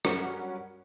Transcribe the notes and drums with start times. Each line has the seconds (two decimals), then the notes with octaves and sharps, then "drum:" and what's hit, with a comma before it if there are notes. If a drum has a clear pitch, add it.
0.05 G2 F#3 C#4 A#4 F#5 C#7, drum: rim click